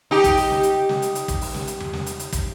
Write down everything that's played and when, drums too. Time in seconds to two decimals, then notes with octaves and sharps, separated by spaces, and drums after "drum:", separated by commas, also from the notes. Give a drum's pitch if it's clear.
0.11 D#4 G4
0.24 drum: kick, hi-hat
0.37 drum: open hi-hat
0.50 drum: snare
0.63 drum: hi-hat
0.89 drum: snare
1.02 drum: hi-hat
1.15 drum: hi-hat
1.28 drum: kick, hi-hat
1.41 drum: open hi-hat
1.54 drum: snare
1.67 drum: hi-hat
1.80 drum: tom E2
1.93 drum: snare
2.06 drum: hi-hat
2.19 drum: hi-hat
2.33 drum: kick, hi-hat